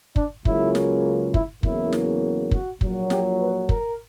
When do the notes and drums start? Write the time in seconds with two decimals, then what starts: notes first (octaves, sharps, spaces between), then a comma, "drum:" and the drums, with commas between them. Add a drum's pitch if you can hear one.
0.16 D4, drum: kick
0.45 C#2 C#3 F#3 A#3 E4, drum: kick
0.75 drum: snare
1.34 E4, drum: kick
1.63 E2 C#3 F#3 A#3 E4, drum: kick
1.92 drum: snare
2.51 F#4, drum: kick
2.81 A#1 A#2 F#3, drum: kick
3.10 G4, drum: snare
3.39 B4
3.69 A#4, drum: kick